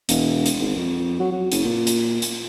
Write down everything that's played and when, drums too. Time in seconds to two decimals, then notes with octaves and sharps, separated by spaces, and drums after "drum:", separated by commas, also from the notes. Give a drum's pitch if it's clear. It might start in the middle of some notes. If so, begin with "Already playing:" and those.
0.09 E1, drum: hi-hat
0.46 drum: hi-hat
0.59 G#1
0.76 F2
1.20 F#3
1.32 F#3
1.52 F#1, drum: hi-hat
1.65 A#2
1.87 drum: hi-hat
2.22 drum: hi-hat